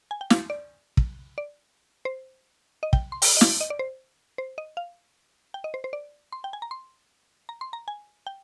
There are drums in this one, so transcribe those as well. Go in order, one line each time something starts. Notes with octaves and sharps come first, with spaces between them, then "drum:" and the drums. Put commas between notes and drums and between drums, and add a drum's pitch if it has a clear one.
G#5
G5
F5, drum: snare
D5
drum: kick
D5
C5
D#5
G5, drum: kick
C6
G5, drum: open hi-hat
D#5
F5, drum: snare
D#5
D5
C5
C5
D#5
F5
G5
D#5
C5
C5
D5
C6
G5
G#5
A#5
C6
A#5
C6
A#5
G#5
G5